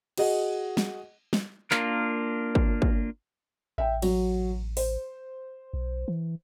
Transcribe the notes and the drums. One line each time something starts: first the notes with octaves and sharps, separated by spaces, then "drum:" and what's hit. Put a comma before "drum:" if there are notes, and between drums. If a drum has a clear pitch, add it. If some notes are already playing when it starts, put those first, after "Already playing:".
F#4 G#4 D#5 F#5, drum: cymbal
drum: snare
drum: snare
A#3 D4 F4 A#4, drum: clap
drum: kick
drum: kick
A1 E5 G5
F#3, drum: cymbal
C5, drum: open hi-hat
B1
E3